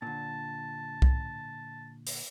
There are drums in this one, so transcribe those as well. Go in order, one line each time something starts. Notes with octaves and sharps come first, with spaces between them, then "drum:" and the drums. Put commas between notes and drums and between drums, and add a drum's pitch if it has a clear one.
A#2 D3 A5
drum: kick C2
drum: open hi-hat